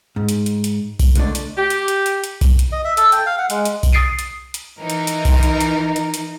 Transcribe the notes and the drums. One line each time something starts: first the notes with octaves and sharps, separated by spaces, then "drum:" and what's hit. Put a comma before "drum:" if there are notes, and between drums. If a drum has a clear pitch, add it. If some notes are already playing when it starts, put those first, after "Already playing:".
G#2
drum: hi-hat
drum: hi-hat
drum: hi-hat
drum: kick B1, open hi-hat
C#2 D3 A3 D5, drum: hi-hat
drum: hi-hat
G4
drum: hi-hat
drum: hi-hat
drum: hi-hat
drum: hi-hat
drum: kick B1, open hi-hat
drum: hi-hat
D#5
E5
A4, drum: hi-hat
G5, drum: hi-hat
F5
F#5
G#3, drum: hi-hat
drum: hi-hat
drum: kick B1, open hi-hat
D#6 A6 C7 D7 D#7
drum: hi-hat
drum: hi-hat
E3 D#4 A#4
drum: hi-hat
drum: hi-hat
drum: kick B1, open hi-hat
drum: hi-hat
drum: hi-hat
drum: hi-hat
drum: hi-hat